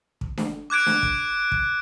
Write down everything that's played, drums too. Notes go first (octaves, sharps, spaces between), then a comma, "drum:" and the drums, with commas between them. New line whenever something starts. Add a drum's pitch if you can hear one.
drum: kick
drum: snare D4
D6 F#6 G#6 D7
drum: snare D4
drum: kick
drum: kick